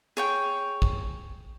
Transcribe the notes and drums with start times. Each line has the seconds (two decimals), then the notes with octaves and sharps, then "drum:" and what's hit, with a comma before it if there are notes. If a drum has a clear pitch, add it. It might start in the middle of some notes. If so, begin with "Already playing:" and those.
0.17 G#4 C#5 G5
0.82 drum: kick A1